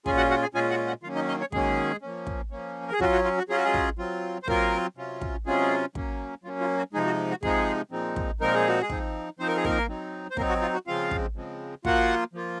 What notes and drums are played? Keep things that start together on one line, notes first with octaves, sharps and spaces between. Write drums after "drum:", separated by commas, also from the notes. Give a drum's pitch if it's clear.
A#2 G#3 C#4 F4 G#4 G#5, drum: kick
F#4 F#5
F#4 F#5
G#4 G#5
A#2 G#3 C#4 F4 G#4 G#5
F#4 F#5
F#4 F#5
D#3 F#3 A#3 C#4 F4 F5
D#4 D#5
D#4 D#5
C#4 C#5
D#3 F#3 G#3 A#3 C#4 G#4, drum: kick
F3 A#3 C#4
drum: kick
F3 A#3 C#4
A#4
G#4
F#3 C#4 F4 F#4, drum: kick
F#4
F4
F#4
F#3 C#4 F4 G#4
F#4
G#3 G#4
drum: kick
F#3 C4 F4
C5
F#3 A#3 C4 F4 A#4, drum: kick
C3 F#3 C#4 F4
drum: kick
C3 F#3 G#3 C#4 F4 G#4
F#3 A#3 C#4, drum: kick
F#3 A#3 C#4 F4
F4
F#4
C3 F3 G#3 D#4 G#4
F#4
F#4
C3 F3 G#3 D#4 G#4, drum: kick
A#2 F3 G#3 C4 D#4
drum: kick
A#2 F3 G#3 C4 D#4 A#4
G#4
F#4
G#3 G#4
F3 C4 D#4, drum: kick
F3 C4 D#4 C5
A#4
G#4
A#3 A#4, drum: kick
F#3 C4 D#4
C5
F#3 A#3 C4 D#4 A#4, drum: kick
F#4
F4
F#4
C#3 F3 G#3 C4 F4 F5
drum: kick
C#3 F3 G#3 C4
F3 A#3 F4 F#4 F#5, drum: kick
F3 A#3 F4